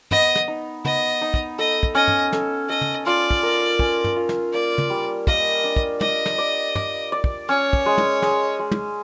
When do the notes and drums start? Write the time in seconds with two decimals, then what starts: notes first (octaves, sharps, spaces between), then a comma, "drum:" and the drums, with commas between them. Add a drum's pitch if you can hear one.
0.11 B3 D#5, drum: tom
0.35 drum: snare
0.48 D#4
0.85 B3 D#5, drum: tom
1.21 D#4
1.34 drum: kick
1.58 A4 D#5
1.83 drum: kick
1.95 C#4 D#5
2.08 drum: tom
2.32 A4, drum: snare
2.69 A4 D#5
2.81 drum: tom
3.06 F4 D5
3.31 drum: kick
3.43 A#4
3.79 C#4, drum: kick
4.04 drum: tom
4.16 F4
4.29 drum: snare
4.53 A#3 D5
4.78 drum: tom
4.90 G3
5.27 A#3 D#5, drum: kick
5.64 D4
5.76 drum: kick
6.01 D5 D#5, drum: tom
6.26 drum: snare
6.38 D5
6.75 D5, drum: tom
7.12 D5
7.24 drum: kick
7.49 C#4 C#5
7.73 drum: kick
7.86 G#3
7.98 drum: tom
8.22 G#3, drum: snare
8.59 G#3
8.71 drum: tom